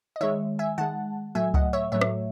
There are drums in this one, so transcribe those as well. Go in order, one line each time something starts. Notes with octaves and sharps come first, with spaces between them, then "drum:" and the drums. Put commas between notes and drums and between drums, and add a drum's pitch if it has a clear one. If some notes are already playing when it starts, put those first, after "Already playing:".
D#5
D#3 G#3 C#5 E5
E5 G#5
D#3 G#3 F#5 A5
A2 F#3 A3 E5 G#5
D#5 F#5, drum: kick C#2
C#5 E5
A2 F#3 A3 C#5 E5
drum: rim click